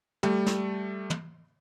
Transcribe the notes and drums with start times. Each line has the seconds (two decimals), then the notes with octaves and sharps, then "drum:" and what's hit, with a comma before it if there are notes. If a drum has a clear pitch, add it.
0.23 G3 A3, drum: tom
0.46 drum: snare
1.10 drum: tom